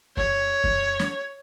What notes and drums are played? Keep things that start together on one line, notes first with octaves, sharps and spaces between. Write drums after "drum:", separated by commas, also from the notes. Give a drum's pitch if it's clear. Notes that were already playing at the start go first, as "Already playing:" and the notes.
C#5, drum: kick F#2
drum: kick F#2
drum: snare